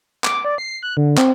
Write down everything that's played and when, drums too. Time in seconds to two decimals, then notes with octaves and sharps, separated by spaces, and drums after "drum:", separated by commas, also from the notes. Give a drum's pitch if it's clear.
0.24 D6, drum: clap
0.45 D5
0.58 C7
0.83 F#6
0.97 D3
1.18 C4, drum: clap